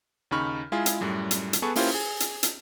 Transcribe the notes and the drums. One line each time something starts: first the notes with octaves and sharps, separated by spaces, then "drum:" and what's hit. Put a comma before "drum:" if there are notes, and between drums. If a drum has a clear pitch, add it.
D#2 C#3 D#4 B5 C#6 F6
G#3 E4 F4 G#4
drum: hi-hat
F#2 A2 G3
drum: hi-hat
drum: hi-hat
B3 G#4 A4 B4 C#6
A#3 C#4 E4 F4 G4 C5, drum: open hi-hat
G#4
drum: hi-hat
drum: hi-hat